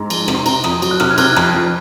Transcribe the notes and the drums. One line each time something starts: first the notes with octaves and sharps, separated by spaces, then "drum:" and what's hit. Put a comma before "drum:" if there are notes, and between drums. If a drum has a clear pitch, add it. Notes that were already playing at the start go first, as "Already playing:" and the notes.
Already playing: G#2 A#5
F3, drum: cymbal
C3, drum: rim click
C6
C3 A#5, drum: cymbal
F2 D#6, drum: rim click
F#3 D#6, drum: cymbal
F#6
C3 F6, drum: rim click
G#6
C3 F#6, drum: cymbal
F2, drum: rim click
F3